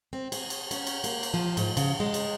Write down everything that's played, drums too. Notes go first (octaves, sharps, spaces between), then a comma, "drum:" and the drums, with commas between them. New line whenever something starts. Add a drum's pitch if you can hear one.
C4
G#4, drum: cymbal
drum: cymbal
C#4, drum: cymbal
drum: cymbal
A#3, drum: cymbal
drum: cymbal
F3
G#2, drum: cymbal
C#3, drum: cymbal
G#3
drum: cymbal